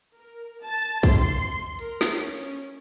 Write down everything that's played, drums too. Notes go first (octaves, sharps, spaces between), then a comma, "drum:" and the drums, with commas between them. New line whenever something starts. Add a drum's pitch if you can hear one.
A#4
A5
C6, drum: kick
A#4, drum: hi-hat
drum: snare
C#4